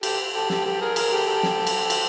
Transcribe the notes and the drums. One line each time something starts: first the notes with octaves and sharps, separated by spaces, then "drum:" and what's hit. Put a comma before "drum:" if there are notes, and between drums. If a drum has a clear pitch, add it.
G4 A4, drum: cymbal
G4 A4
G4 A4, drum: snare
G4 A4
G#4 A#4
G#4 A#4, drum: cymbal
G4 A4
G4 A4
drum: snare
drum: cymbal
drum: cymbal